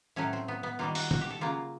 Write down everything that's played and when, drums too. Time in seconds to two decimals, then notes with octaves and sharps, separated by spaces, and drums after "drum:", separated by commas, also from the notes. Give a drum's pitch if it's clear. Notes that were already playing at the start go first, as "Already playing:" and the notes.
0.16 A2 F#3 A3 C#4
0.33 C4
0.48 B3
0.63 B3
0.79 D#3 G3 A#3 F4
0.95 F#4, drum: open hi-hat
1.11 F#4, drum: tom
1.21 G4
1.30 A4
1.41 C#3 F#3 A#3 F4